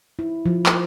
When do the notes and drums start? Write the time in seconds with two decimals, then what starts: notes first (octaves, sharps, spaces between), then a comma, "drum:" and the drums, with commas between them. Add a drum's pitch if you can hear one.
0.19 E4
0.46 F3
0.66 drum: clap